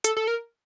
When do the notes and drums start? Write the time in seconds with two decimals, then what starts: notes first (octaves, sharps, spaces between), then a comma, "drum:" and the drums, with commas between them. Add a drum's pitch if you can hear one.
0.04 A4, drum: hi-hat
0.17 A4
0.27 A#4